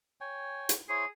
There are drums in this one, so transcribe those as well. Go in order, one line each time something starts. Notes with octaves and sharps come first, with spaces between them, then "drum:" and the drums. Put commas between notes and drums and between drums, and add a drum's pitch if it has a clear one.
C#5 G5 G#5
drum: hi-hat
E4 G#4 C5 C#5